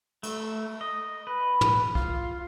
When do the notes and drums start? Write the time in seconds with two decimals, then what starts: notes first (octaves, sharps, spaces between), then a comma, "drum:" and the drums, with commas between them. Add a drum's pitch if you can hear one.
0.23 A3, drum: cymbal
0.81 D#5
1.27 B4
1.61 drum: tom
1.95 F4, drum: kick